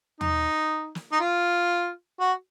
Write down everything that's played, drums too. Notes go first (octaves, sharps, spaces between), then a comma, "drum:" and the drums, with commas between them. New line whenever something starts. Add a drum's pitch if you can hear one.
D#4, drum: tom
drum: snare
D#4
F4
F#4